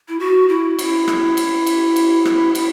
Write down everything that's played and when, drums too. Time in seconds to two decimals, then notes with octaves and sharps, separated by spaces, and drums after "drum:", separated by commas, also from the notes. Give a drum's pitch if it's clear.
0.08 E4
0.20 F#4
0.48 E4
0.79 E4, drum: cymbal
1.08 drum: rim click
1.37 drum: cymbal
1.66 drum: cymbal
1.96 drum: cymbal
2.25 drum: rim click
2.55 E4, drum: cymbal